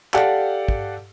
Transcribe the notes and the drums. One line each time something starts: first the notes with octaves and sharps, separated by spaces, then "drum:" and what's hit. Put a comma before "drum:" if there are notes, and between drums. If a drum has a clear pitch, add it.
G4 A4 D5 F5 F#5, drum: clap
drum: kick